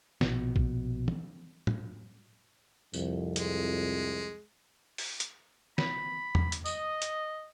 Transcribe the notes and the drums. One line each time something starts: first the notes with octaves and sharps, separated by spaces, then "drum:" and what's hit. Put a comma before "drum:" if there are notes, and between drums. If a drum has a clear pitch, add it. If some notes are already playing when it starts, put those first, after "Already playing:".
A#1 B2, drum: snare
drum: kick
drum: tom E3
drum: tom
C2 F2, drum: tambourine
G#3, drum: hi-hat
drum: open hi-hat
drum: hi-hat
B5, drum: snare
drum: tom E2
drum: hi-hat
D#5 D#6, drum: tambourine
drum: hi-hat